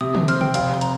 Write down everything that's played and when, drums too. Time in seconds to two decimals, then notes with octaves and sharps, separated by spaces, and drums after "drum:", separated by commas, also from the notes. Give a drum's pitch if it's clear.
0.01 C3 D#6
0.15 drum: tom
0.28 C4 F6, drum: hi-hat
0.41 G5, drum: tom
0.54 F1 F5, drum: hi-hat
0.74 C6
0.81 A#5, drum: hi-hat